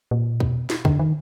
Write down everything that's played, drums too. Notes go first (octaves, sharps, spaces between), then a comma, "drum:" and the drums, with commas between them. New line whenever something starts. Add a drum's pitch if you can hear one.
A#2
B2, drum: kick
drum: snare
D3, drum: kick
D#3